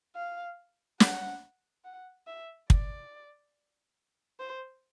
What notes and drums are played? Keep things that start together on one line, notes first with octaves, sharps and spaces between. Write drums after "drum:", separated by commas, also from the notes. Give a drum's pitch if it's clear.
F5
F#5, drum: snare
F#5
E5
D5, drum: kick
C5